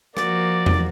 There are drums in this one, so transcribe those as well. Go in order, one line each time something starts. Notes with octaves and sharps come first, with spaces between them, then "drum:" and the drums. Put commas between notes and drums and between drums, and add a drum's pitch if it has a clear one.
F3 A#3 F#4 D5, drum: rim click
drum: tom E2